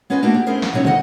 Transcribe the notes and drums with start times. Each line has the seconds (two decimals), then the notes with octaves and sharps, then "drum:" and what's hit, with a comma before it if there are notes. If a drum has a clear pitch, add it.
0.10 B3 C#4 F4 B4 D#5 G#5
0.23 A3 A#3 D4 D#4 F#4
0.34 G4
0.46 B3 C#4 E4 G#4 A#4 C5
0.62 drum: snare
0.73 C3 F#3 C#4 D#4
0.85 F2 D3 C4 D#4 D#5 F#5, drum: tom